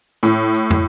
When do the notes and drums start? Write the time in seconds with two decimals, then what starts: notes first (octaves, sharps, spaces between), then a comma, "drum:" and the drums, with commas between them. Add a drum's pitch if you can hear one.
0.23 A2, drum: tambourine
0.55 drum: tambourine
0.70 drum: tom